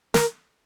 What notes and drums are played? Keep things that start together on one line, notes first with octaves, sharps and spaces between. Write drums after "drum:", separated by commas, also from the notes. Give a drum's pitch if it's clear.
A#4, drum: snare